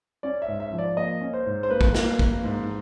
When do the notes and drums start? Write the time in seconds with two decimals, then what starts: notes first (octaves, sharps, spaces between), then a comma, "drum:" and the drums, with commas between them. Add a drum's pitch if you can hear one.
0.23 C#4 D5
0.42 E5
0.48 G#2
0.60 E5
0.73 F3
0.78 D5
0.97 A#3 D#5
1.21 C#4
1.34 C5
1.46 G#2
1.63 C5
1.70 A#3 B4
1.81 drum: kick
1.95 A#3, drum: snare
2.19 A#3, drum: kick
2.44 G#2